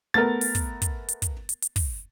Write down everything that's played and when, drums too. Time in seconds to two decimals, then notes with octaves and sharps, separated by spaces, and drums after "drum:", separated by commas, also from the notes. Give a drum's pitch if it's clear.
0.14 A3 B3 A#4 A6
0.41 drum: open hi-hat
0.55 drum: kick, hi-hat
0.82 drum: kick, hi-hat
1.08 drum: hi-hat
1.22 drum: kick, hi-hat
1.49 drum: hi-hat
1.62 drum: hi-hat
1.76 drum: kick, open hi-hat